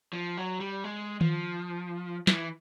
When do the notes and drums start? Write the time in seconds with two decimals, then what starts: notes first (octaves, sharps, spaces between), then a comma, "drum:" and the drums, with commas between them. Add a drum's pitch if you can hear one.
0.13 F3
0.37 F#3
0.60 G3
0.84 G#3
1.21 F3, drum: tom D#3
2.27 E3, drum: snare